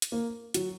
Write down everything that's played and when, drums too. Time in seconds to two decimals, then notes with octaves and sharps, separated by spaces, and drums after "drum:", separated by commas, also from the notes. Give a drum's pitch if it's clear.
0.02 drum: hi-hat
0.12 A#3
0.54 F#3, drum: hi-hat